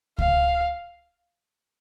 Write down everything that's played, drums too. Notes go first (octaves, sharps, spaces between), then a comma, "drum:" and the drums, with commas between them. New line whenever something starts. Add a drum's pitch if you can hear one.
F5, drum: kick C#2